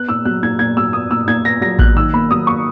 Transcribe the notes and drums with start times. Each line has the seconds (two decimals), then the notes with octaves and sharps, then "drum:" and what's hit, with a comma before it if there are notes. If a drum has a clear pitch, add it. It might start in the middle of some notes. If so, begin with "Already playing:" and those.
Already playing: B3 F#6
0.09 A#2 E6
0.25 F#3 F#6
0.43 A#2 G#6
0.59 A#2 G#6
0.77 F#3 E6
0.93 B3 D#6
1.11 A#2 E6
1.28 A#2 G#6
1.45 B3 A#6
1.61 F#3 A#6
1.79 A#2 F#6, drum: kick A1
1.96 D#3 E6
2.13 A#3 B5
2.31 F#3 D#6
2.47 A#3 C#6